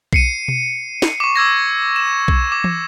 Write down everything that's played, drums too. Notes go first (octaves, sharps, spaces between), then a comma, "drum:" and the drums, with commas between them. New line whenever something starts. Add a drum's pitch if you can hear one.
C7 C#7 D#7, drum: kick B1
drum: tom B2
drum: snare
C#6 D6
D6 E6 G#6 A#6
E7
drum: kick B1
D6
drum: tom E3